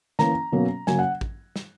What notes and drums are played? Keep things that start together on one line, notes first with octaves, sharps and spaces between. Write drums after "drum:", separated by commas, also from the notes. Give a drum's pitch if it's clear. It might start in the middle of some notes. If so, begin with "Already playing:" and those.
E3 A#3 C#4 A#5, drum: snare
B2 F#3 A#3 C#4
C#3 F#3 A#3 C#4 G#5, drum: snare
F#5
drum: kick
drum: snare